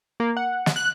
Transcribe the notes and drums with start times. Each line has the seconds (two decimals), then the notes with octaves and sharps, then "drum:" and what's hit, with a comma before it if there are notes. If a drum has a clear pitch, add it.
0.20 A#3
0.37 F#5
0.66 drum: snare
0.76 F#6